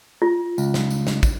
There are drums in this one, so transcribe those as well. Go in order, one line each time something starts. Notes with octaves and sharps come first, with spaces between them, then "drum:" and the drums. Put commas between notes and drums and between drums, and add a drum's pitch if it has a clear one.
F4
C#2, drum: tambourine
drum: snare
drum: tambourine
drum: snare
drum: kick, tambourine